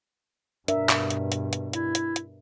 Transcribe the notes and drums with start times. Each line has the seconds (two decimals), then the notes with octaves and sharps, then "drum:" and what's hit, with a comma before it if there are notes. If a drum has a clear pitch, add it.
0.68 G2 B2 D4 A#4 E5, drum: hi-hat
0.89 drum: clap
1.11 drum: hi-hat
1.32 drum: hi-hat
1.53 drum: hi-hat
1.73 E4, drum: hi-hat
1.95 drum: hi-hat
2.16 drum: hi-hat